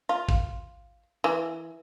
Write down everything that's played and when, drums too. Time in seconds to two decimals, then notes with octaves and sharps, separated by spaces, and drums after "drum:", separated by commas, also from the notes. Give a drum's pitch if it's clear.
0.09 F4
0.29 drum: kick G#1
1.24 E3